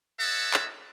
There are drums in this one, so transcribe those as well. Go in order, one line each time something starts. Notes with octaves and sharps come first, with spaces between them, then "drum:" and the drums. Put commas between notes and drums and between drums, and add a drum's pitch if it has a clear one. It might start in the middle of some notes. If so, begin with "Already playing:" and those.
A4 C#5 D#5 E5 F#5 A5
drum: clap